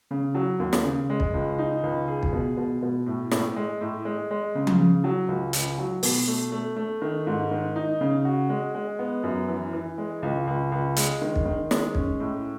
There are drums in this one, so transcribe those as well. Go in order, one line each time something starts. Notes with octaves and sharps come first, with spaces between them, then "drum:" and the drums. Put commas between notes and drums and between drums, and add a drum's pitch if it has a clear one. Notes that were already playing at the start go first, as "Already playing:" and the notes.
C#3
F#3
D#2
drum: snare
C#3
G#3
drum: kick
C#2
D#4
C#2
G#4
drum: kick
B2
B2
B2
A2
A2, drum: snare
G#3
A2
G#3
G#3
C#3
drum: tom F3
C#3
F#3
C#2
C#2, drum: hi-hat
F#3
B2, drum: open hi-hat
A3
A3
A3
D#3
G#2
D#3
D#4
C#3
F#4
G#3
G#3
B3
F#2
E3
E3
G#3
C#2
C#2
C#2
G#3, drum: hi-hat
D#3
drum: kick
D#3
G#3, drum: snare
C#4, drum: kick
A2